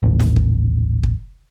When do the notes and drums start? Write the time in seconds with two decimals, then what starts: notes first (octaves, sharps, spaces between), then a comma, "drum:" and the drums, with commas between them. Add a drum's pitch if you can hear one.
0.03 D#1 A1
0.19 drum: snare
0.36 drum: kick
1.03 drum: kick